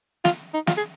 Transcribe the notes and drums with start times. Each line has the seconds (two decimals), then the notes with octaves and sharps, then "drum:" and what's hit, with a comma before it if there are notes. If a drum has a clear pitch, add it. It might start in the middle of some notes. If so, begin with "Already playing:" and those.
0.25 F4, drum: snare
0.54 D#4
0.67 F4, drum: snare
0.77 G#4